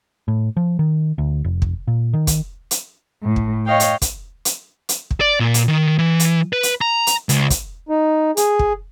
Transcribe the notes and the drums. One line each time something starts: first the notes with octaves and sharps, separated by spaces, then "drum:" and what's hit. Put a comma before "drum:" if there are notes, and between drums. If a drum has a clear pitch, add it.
A2
F3
D#3
D2
F1
drum: kick
A#2
D#3
drum: kick, hi-hat
drum: hi-hat
A2
drum: kick
C#5 D#5 F5 G5
drum: hi-hat
drum: kick, hi-hat
drum: hi-hat
drum: hi-hat
drum: kick
D5
A#2
drum: hi-hat
D#3
E3
drum: hi-hat
B4
drum: hi-hat
A#5
drum: hi-hat
C#2, drum: hi-hat
drum: kick, hi-hat
D#4
G#4, drum: hi-hat
drum: kick